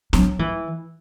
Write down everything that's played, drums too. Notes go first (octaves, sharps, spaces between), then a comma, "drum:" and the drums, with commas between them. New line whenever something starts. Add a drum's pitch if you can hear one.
F#3, drum: snare
E3